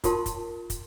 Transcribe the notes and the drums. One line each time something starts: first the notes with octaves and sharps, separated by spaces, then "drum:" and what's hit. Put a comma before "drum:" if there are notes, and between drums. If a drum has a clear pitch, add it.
D#4 F4 A#4 A5 C6, drum: kick, hi-hat
drum: kick, hi-hat
drum: kick, hi-hat